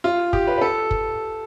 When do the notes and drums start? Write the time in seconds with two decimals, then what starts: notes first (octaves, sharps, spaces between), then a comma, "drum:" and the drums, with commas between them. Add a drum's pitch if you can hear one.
0.04 F4
0.33 G4, drum: kick
0.47 B4
0.58 B4
0.61 A4
0.91 drum: kick